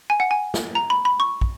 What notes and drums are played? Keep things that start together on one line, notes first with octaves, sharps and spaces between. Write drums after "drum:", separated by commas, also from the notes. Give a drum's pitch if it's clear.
G#5
F#5
G#5
drum: snare
A#5
B5
B5
C#6
drum: kick